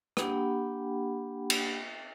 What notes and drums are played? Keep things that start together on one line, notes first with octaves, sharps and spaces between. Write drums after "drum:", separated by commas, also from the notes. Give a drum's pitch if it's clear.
A#3 D4 G4 F#5 G5 B5, drum: rim click
drum: cymbal